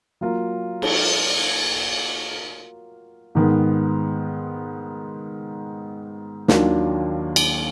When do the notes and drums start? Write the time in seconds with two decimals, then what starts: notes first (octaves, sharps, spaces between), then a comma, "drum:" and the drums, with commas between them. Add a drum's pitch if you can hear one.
0.21 F#3 A#3 F4 A#4
0.82 drum: cymbal
3.35 G#2 D#3 G#3 B3
6.48 D#2 D#3 F#3 D4 F4, drum: snare
7.36 drum: cymbal